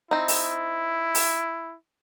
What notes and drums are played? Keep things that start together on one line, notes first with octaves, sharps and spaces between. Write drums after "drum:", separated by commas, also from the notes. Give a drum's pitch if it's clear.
C4 D#4 E4
drum: open hi-hat
drum: open hi-hat